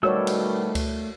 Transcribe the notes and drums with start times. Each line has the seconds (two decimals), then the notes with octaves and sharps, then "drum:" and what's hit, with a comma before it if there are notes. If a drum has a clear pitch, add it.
0.03 B2 D#3 G3 A3 F#4 C#5 D5 E6
0.27 drum: cymbal
0.75 drum: kick C#2, cymbal